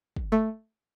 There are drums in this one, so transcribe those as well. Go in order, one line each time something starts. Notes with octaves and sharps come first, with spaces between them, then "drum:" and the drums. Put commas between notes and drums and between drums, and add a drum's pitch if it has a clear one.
drum: kick
A3